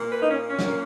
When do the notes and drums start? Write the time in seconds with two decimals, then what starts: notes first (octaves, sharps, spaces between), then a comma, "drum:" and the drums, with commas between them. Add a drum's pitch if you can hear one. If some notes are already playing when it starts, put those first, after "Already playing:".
Already playing: A#2 A#3
0.10 B4
0.21 D#4
0.29 C#4
0.47 C#4
0.59 drum: snare